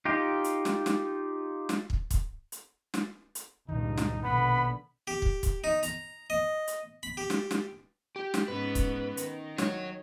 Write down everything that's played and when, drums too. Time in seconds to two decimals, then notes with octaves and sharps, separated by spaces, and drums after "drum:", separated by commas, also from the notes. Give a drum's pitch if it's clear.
0.05 D#4 F4 G4
0.44 drum: hi-hat
0.65 drum: snare
0.86 drum: snare
1.69 drum: snare
1.90 drum: kick
2.11 drum: kick, hi-hat
2.52 drum: hi-hat
2.94 drum: snare
3.35 drum: hi-hat
3.69 C#2 G2 A#2 D#3 D#4
3.97 drum: snare
4.23 A#1 B2 D3 B3 B5
5.07 G4
5.22 drum: kick
5.43 drum: kick, hi-hat
5.64 D#4
5.83 A#5, drum: hi-hat
6.30 D#5
6.67 drum: hi-hat
7.03 B5
7.17 G4
7.30 drum: snare
7.51 drum: snare
8.16 G4
8.34 drum: snare
8.48 G#2 B3 C#4 B4
8.75 drum: kick, hi-hat
9.17 D#3, drum: hi-hat
9.58 F#3 C#5, drum: snare